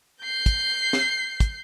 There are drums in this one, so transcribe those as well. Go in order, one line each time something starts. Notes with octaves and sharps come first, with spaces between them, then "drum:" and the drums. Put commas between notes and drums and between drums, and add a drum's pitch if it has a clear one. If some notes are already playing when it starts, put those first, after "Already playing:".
G6 C7
drum: kick, hi-hat
drum: snare
drum: kick, hi-hat